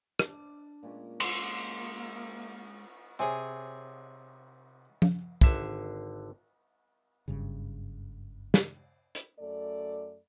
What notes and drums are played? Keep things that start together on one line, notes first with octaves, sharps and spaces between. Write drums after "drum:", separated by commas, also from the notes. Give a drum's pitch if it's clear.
D4, drum: rim click
A#2 G#3 C#4
G#3 A#3 C6, drum: cymbal
C3 G#4 C#5 G#5
drum: tom F3
G#1 D3 E5, drum: kick
F#1 G2 C#3
drum: snare
drum: hi-hat
F#2 A3 A4 D5